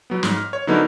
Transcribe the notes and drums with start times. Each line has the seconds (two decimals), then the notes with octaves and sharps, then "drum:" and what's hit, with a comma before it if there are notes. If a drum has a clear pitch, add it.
0.10 F#3 B3
0.23 G#2, drum: snare
0.37 F6
0.53 C#5
0.67 D3 F#3 B3 D#4 E4 A#4